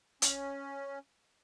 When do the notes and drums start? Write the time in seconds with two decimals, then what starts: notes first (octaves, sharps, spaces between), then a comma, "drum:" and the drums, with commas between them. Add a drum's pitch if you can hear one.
0.22 C#4, drum: hi-hat